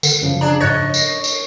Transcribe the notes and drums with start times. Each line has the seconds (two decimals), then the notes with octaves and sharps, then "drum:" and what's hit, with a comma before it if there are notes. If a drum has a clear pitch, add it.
0.03 D3, drum: tambourine
0.21 F#2 C#3 F3
0.41 D4 G#4 A#5
0.61 G#2 C#5 D#5 F#6 A6
0.94 drum: tambourine
1.24 drum: tambourine